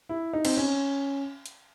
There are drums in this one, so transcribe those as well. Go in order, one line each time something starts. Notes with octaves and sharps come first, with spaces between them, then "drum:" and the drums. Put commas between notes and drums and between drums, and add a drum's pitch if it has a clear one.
E4
D#4
C4, drum: cymbal
C#4
drum: hi-hat